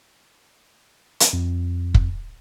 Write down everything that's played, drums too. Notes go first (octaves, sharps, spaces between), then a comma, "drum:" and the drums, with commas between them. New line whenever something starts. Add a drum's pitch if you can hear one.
drum: hi-hat
F2
drum: kick